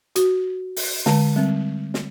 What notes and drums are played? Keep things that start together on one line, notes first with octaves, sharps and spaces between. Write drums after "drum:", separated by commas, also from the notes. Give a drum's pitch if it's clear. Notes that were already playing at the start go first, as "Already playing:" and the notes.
F#4, drum: hi-hat
drum: open hi-hat
D3 G#3 A5, drum: snare
G3 C4
drum: snare